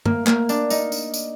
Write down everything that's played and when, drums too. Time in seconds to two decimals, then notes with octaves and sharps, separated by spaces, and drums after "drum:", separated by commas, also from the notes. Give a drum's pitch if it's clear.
0.06 A#3, drum: tom G2
0.27 A#3, drum: clap
0.49 D4, drum: tambourine
0.70 D#4, drum: tambourine
0.92 drum: tambourine
1.14 drum: tambourine